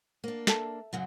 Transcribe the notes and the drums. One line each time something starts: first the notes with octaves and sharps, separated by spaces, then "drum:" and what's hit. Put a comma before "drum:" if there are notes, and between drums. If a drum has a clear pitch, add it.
A#3 D4
A4 E5 A5, drum: snare
F#2 C#3 F#3